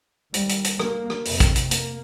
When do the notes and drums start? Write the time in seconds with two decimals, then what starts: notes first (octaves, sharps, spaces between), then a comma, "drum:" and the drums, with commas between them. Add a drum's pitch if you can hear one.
0.34 D#2 G3, drum: hi-hat
0.49 drum: hi-hat
0.64 drum: hi-hat
0.80 A#3, drum: rim click
1.10 drum: rim click
1.25 F2 C3, drum: open hi-hat
1.40 drum: kick, hi-hat
1.56 drum: hi-hat
1.71 A#3, drum: hi-hat